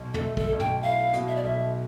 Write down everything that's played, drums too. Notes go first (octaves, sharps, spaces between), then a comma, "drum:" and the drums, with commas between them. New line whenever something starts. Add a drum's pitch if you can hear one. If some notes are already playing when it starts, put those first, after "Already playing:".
Already playing: B1
A4, drum: tom
A3
A4, drum: kick
B1
G5, drum: tom
E4 F5
B2, drum: hi-hat
E5
D5
B1 E5